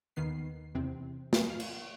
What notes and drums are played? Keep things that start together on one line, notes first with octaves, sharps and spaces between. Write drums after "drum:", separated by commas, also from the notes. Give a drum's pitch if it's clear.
D#2 D#3 B3 C7
E2 C3 C4
drum: snare
F5
drum: cymbal